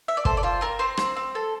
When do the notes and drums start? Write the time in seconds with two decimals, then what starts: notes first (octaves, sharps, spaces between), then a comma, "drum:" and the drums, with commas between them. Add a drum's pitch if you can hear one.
0.08 E5
0.17 D5
0.25 A4 C5, drum: kick
0.37 D5
0.43 F4 C5
0.61 C4 A#4
0.79 C4 C5
0.97 C4, drum: rim click
1.17 C4
1.35 A4